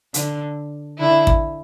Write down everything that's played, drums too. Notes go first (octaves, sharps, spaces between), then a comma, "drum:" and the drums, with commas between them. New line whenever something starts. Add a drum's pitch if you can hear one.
D3, drum: hi-hat
D3 E4
drum: kick